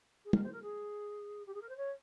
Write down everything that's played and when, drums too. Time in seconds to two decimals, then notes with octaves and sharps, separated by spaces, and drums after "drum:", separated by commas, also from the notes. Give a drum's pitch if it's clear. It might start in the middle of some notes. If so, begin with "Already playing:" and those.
0.24 G#4
0.33 A#4, drum: tom
0.43 C5
0.52 A#4
0.62 G#4
1.46 G4
1.54 G#4
1.61 A#4
1.69 C5
1.76 C#5